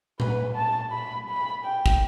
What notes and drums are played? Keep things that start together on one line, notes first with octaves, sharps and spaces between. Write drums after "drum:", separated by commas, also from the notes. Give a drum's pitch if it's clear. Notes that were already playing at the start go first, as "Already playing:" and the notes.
B4, drum: tom A#2
A5
B5
B5
G5
drum: kick